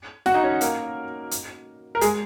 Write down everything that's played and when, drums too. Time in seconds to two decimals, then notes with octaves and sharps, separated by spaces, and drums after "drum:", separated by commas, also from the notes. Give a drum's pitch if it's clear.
0.26 F#4 F#5, drum: snare
0.34 D#4 D#5
0.43 C#4 C#5
0.61 A#3 A#4, drum: hi-hat
1.31 drum: hi-hat
1.95 A#4
2.01 G#3 G#4, drum: hi-hat